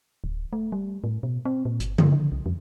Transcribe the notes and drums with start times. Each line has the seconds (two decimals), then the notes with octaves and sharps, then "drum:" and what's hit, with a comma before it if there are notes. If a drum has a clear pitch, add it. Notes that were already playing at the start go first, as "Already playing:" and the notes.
0.24 D1
0.53 A3
0.72 G3
1.04 A2
1.23 B2
1.45 C4
1.65 A#2
1.80 G1, drum: hi-hat
1.98 G2, drum: tom C#3
2.12 D3
2.32 C2
2.46 F2